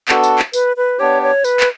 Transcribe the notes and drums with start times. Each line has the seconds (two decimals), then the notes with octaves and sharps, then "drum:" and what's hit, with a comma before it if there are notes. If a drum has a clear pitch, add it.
0.08 B3 D4 F#4 A4, drum: clap
0.23 drum: tambourine
0.39 drum: clap
0.53 B4, drum: tambourine
0.77 B4
0.99 B3 D4 G4 C#5
1.23 C#5
1.44 B4, drum: tambourine
1.60 drum: clap